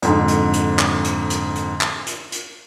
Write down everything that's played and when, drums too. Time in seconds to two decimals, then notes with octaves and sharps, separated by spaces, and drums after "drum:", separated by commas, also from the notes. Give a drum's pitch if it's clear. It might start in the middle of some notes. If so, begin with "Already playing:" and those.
0.02 F2 G#2 D3, drum: hi-hat
0.28 drum: hi-hat
0.53 drum: hi-hat
0.79 drum: clap
1.04 drum: hi-hat
1.30 drum: hi-hat
1.56 drum: hi-hat
1.81 drum: clap
2.07 drum: hi-hat
2.32 drum: hi-hat